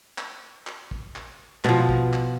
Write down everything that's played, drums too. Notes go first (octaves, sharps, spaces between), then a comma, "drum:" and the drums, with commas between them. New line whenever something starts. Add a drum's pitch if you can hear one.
drum: clap
drum: clap
drum: kick
drum: clap
B2 F3, drum: clap
drum: kick
drum: clap